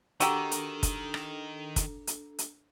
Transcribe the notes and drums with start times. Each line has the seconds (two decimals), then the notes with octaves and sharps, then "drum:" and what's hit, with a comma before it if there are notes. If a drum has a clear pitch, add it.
0.20 D#3 D4 F#4 G4 A4 A#5 E6 D#7, drum: hi-hat
0.52 drum: hi-hat
0.83 drum: kick, hi-hat
1.14 drum: rim click
1.76 drum: kick, hi-hat
2.07 drum: hi-hat
2.39 drum: hi-hat